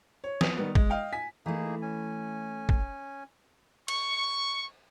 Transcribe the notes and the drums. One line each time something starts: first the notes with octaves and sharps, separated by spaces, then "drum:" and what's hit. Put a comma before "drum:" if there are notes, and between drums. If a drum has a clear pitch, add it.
C#5
B3 D#6 F7, drum: snare
D#3 G3 B3
G#3, drum: kick A1
D#5 F5 G5
G#5 B6
E3 A3 A#3 D#4 G#4
C#4 G#5
drum: kick A1
C#6, drum: cymbal